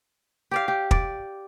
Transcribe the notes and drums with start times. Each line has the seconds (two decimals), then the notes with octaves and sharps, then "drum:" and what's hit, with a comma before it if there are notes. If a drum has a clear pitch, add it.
0.51 G4 D5 F5
0.68 G4
0.91 D5, drum: kick